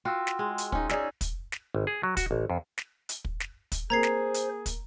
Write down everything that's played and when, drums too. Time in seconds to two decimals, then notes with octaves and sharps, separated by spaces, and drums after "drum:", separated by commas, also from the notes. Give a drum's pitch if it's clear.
0.05 F4 F#4 G5 C6 E6
0.27 drum: snare
0.39 G#3
0.58 drum: hi-hat
0.72 C#4 D#4, drum: kick
0.89 C#4 D#4 G#4 C#5 D5 E6, drum: snare
1.21 drum: kick, hi-hat
1.52 drum: snare
1.75 G#1
1.87 G#4
2.03 F#3
2.17 F#4, drum: kick, hi-hat
2.31 A1
2.50 F2
2.78 drum: snare
3.09 drum: hi-hat
3.25 drum: kick
3.40 drum: snare
3.72 drum: kick, hi-hat
3.90 A#3 C4 G#4 C5 A#5 G#6 C7
4.03 drum: snare
4.34 drum: hi-hat
4.66 drum: kick, hi-hat